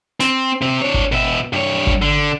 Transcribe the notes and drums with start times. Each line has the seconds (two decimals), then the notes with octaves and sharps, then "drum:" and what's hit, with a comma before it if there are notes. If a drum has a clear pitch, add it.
0.20 C4, drum: snare
0.62 C3 C4
0.82 D4 C#5
0.94 drum: kick G#1
1.12 B2 E5
1.53 G2 C#5
1.87 drum: kick G#1
2.02 D3